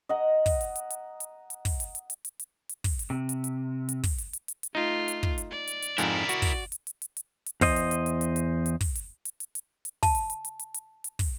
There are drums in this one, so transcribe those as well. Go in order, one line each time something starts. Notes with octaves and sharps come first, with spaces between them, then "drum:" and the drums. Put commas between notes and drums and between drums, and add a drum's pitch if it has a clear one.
D#5 F#5 A#5
drum: kick, open hi-hat
drum: hi-hat
drum: hi-hat
drum: hi-hat
drum: hi-hat
drum: hi-hat
drum: kick, open hi-hat
drum: hi-hat
drum: hi-hat
drum: hi-hat
drum: hi-hat
drum: hi-hat
drum: hi-hat
drum: kick, open hi-hat
drum: hi-hat
C3
drum: hi-hat
drum: hi-hat
drum: hi-hat
drum: kick, open hi-hat
drum: hi-hat
drum: hi-hat
drum: hi-hat
drum: hi-hat
A3 D#4 F4
drum: hi-hat
drum: kick
drum: hi-hat
D5
drum: hi-hat
drum: hi-hat
F2 G#2 E4 A#4, drum: hi-hat
F#4, drum: hi-hat
drum: kick, open hi-hat
drum: hi-hat
drum: hi-hat
drum: hi-hat
drum: hi-hat
drum: hi-hat
E2 C5 D#5, drum: kick, open hi-hat
drum: hi-hat
drum: hi-hat
drum: hi-hat
drum: hi-hat
drum: hi-hat
drum: hi-hat
drum: kick, open hi-hat
drum: hi-hat
drum: hi-hat
drum: hi-hat
drum: hi-hat
drum: hi-hat
A5, drum: kick, open hi-hat
drum: hi-hat
drum: hi-hat
drum: hi-hat
drum: hi-hat
drum: hi-hat
drum: hi-hat
drum: kick, open hi-hat